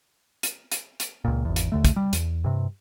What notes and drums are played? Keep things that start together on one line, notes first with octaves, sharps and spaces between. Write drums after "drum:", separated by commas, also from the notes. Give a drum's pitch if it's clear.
drum: hi-hat
drum: hi-hat
drum: hi-hat
C#2 A#2
G#1 E2
drum: hi-hat
D#2 D3 A3
drum: kick, hi-hat
G3
E2, drum: hi-hat
G2 C3